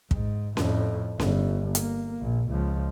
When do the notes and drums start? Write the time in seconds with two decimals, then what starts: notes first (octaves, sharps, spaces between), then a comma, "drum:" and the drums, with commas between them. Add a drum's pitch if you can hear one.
0.11 G#2, drum: kick
0.57 F2 A2, drum: snare C#4
1.20 G1, drum: snare C#4
1.75 A#3, drum: hi-hat
2.21 A#1
2.50 C#2 F3